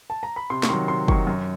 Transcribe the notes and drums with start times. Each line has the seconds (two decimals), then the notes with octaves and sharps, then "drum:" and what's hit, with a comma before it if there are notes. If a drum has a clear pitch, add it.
0.10 A5
0.23 A#5
0.36 B5
0.50 C3 C6
0.63 C#6, drum: snare
0.69 D#3 F#3 C6
0.88 C3 C6
1.08 D#3 F#3 C#6, drum: kick
1.27 F#2